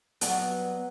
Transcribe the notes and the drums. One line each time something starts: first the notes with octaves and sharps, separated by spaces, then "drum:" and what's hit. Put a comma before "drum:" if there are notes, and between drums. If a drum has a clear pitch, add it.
F#3 G3 B3, drum: hi-hat